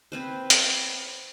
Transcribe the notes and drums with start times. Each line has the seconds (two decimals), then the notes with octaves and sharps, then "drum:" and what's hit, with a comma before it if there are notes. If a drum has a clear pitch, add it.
0.12 C4 B4 C5
0.50 drum: hi-hat